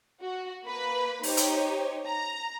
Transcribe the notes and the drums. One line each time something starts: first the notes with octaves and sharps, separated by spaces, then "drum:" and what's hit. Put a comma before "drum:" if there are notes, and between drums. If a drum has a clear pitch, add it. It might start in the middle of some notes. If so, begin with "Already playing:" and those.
F#4
A#3 B4 B5
D#4 G4 C5 C#5, drum: open hi-hat
drum: hi-hat
A#5